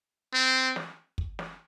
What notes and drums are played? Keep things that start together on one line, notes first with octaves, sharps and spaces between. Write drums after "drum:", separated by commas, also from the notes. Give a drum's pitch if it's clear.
C4
drum: snare
drum: kick
drum: snare